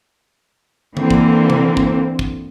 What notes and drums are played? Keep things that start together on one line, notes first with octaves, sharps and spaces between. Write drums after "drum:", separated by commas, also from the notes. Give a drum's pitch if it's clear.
D3 E3 A#3 C4, drum: tom D3
drum: kick
drum: tom C3
drum: kick
drum: kick